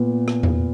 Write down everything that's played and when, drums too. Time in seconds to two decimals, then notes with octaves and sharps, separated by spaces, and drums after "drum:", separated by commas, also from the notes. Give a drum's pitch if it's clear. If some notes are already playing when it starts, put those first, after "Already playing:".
Already playing: A#2 B3
0.28 drum: rim click
0.43 drum: tom E2